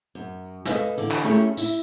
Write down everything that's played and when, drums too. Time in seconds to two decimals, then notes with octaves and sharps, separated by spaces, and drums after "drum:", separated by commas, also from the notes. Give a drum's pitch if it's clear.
0.15 F#2
0.65 A4 B4 C5 D#5 F5 G#5, drum: snare
0.98 D3 E3, drum: hi-hat
1.11 drum: clap
1.24 A3 C#4 E4 G4 G#4
1.57 E4, drum: tambourine